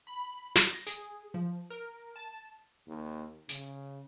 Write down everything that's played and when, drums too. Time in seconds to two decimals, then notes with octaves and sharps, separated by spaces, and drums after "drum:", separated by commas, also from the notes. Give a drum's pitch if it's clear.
0.07 B5
0.55 A#6, drum: snare
0.87 G#4, drum: hi-hat
1.34 F3
1.70 A#4
2.16 A5
2.87 D#2
3.49 C#3, drum: hi-hat